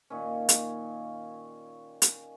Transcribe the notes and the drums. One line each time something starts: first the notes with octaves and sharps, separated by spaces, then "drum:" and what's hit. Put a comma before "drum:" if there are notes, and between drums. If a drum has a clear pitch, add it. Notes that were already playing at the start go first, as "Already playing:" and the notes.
A#2 D#3 C#4
drum: hi-hat
drum: hi-hat